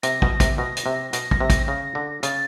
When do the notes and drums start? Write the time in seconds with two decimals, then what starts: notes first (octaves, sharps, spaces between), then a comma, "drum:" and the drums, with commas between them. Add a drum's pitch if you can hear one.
0.03 C3 A#6, drum: hi-hat
0.22 B2, drum: kick
0.40 C3, drum: kick, hi-hat
0.58 B2 A#6
0.77 drum: hi-hat
0.86 C3
1.13 B2 A#6, drum: hi-hat
1.31 drum: kick
1.40 C3
1.50 drum: kick, hi-hat
1.68 C#3 A#6
1.95 D3
2.23 C#3 A6, drum: hi-hat